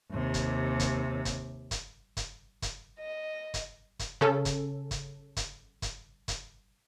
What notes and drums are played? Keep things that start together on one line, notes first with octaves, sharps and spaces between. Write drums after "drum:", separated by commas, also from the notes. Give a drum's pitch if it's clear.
D#2 C3
drum: kick, hi-hat
drum: kick, hi-hat
drum: kick, hi-hat
drum: kick, hi-hat
drum: kick, hi-hat
drum: kick, hi-hat
D#5
drum: kick, hi-hat
drum: kick, hi-hat
C#3 C#4 A4
drum: kick, hi-hat
drum: kick, hi-hat
drum: kick, hi-hat
drum: kick, hi-hat
drum: kick, hi-hat